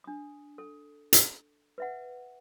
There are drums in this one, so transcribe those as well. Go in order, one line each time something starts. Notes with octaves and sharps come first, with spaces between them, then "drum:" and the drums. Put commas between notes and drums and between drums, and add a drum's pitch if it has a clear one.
D4 D#6
A4
drum: hi-hat
B4 E5 F#5